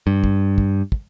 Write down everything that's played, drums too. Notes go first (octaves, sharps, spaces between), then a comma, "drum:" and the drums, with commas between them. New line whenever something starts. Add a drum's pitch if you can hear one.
G2
drum: kick
drum: kick
drum: kick